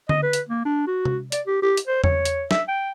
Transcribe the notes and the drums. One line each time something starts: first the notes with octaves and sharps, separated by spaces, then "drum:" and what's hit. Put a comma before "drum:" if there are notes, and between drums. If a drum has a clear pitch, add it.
D#5, drum: tom D3
B4
drum: hi-hat
A#3
D4
F#4
drum: tom C3
D5, drum: hi-hat
G4
G4
drum: hi-hat
C5
C#5, drum: tom E2
drum: hi-hat
E5, drum: snare
G5